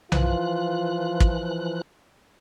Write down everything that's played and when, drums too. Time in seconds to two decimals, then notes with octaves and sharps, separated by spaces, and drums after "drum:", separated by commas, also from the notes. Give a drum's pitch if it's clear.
0.12 E3 F3 F4 F#6, drum: tom B1
1.20 drum: kick